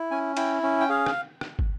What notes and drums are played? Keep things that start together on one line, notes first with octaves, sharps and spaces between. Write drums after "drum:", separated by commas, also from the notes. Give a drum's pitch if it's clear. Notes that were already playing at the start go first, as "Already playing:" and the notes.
Already playing: E4
C#4 G#5
E4 G5, drum: cymbal
C#4
G5
G#4 F5
drum: rim click
drum: rim click
drum: kick